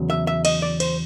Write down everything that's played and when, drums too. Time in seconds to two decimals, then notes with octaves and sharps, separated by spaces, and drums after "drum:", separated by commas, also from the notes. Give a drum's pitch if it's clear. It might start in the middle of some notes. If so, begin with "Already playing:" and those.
Already playing: E2 C#3 F#3
0.10 E5
0.27 E5
0.45 D#5, drum: cymbal
0.62 D5
0.80 C5, drum: cymbal